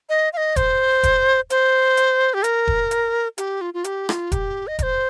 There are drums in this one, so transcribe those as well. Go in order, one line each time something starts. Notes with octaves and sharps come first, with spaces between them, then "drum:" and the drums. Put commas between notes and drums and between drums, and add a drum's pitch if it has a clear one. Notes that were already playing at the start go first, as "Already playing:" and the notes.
D#5
F5
D#5
C5, drum: kick E1, hi-hat
drum: kick E1, hi-hat
C5, drum: hi-hat
drum: hi-hat
G4
A#4, drum: hi-hat
drum: kick E1
drum: hi-hat
G4, drum: hi-hat
F4
F4
G4, drum: hi-hat
F4, drum: rim click
G4, drum: kick E1, hi-hat
D#5
D#5, drum: kick E1, hi-hat
C5